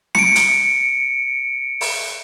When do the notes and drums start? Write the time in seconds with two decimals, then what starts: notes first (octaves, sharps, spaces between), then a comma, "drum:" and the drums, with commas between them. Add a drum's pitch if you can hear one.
0.15 C#7 D7, drum: snare
0.36 drum: hi-hat
1.81 drum: open hi-hat